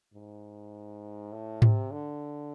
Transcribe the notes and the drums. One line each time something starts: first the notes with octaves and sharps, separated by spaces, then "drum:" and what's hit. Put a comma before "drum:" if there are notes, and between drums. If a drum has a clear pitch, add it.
G#2
A2
C3, drum: tom G#2
D3